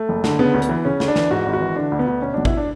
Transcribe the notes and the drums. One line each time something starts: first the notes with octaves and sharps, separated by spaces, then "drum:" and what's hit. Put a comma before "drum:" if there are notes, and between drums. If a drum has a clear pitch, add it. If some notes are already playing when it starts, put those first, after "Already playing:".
Already playing: A3
F#1
D3, drum: snare
C#3 B3
D2
B3, drum: hi-hat
E3
C#3 C#4
D2, drum: snare
D4
E3, drum: snare
G#2 F#4
G#1
F#4
E3
D3 D4
D2
B3
D2
B2 C#4
B1 D4
E4, drum: kick G#1
D4